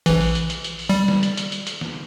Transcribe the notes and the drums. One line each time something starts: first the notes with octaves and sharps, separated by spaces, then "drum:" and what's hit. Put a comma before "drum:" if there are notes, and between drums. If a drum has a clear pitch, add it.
A#1 E3, drum: hi-hat
drum: open hi-hat
drum: hi-hat
drum: hi-hat
drum: hi-hat
drum: open hi-hat
G3
drum: snare
drum: hi-hat
drum: hi-hat
drum: hi-hat
drum: hi-hat
drum: snare